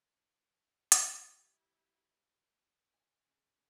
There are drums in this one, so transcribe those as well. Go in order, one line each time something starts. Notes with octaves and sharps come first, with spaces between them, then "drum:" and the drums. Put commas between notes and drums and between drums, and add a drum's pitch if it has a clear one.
E4 G4, drum: hi-hat
G#5
C#3